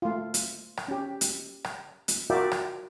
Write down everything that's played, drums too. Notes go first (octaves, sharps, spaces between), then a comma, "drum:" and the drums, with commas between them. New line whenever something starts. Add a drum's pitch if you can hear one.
A3 F4
drum: hi-hat
drum: rim click
C#4 G4
drum: hi-hat
drum: rim click
drum: hi-hat
F4 F#4 A#4 D5 E5 G5
drum: rim click